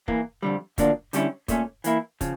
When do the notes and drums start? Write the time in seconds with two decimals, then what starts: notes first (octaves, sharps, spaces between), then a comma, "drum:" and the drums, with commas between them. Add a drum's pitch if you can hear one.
0.08 E2 E3 A#3, drum: kick
0.43 F2 D3 G3
0.78 D2 D3 F3 A#3 D4, drum: kick, hi-hat
1.13 D3 G3 C#4 E4, drum: hi-hat
1.48 A#2 A3 C#4, drum: kick, hi-hat
1.84 E3 A#3 E4, drum: hi-hat
2.21 C#3 F3, drum: kick, hi-hat